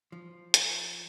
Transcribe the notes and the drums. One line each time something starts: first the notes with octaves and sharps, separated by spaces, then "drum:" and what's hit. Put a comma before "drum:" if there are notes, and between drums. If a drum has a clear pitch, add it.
F3
drum: hi-hat